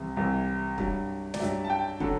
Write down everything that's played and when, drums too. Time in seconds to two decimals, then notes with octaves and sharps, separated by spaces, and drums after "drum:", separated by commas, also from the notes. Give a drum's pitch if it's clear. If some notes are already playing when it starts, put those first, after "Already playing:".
Already playing: C2 C3 E3
0.17 C2 C3 E3
0.78 G2 F#3, drum: kick
1.34 D5, drum: snare
1.40 G2 F#3 E5
1.64 A5
1.70 G5
2.00 D3 F#3 A4, drum: kick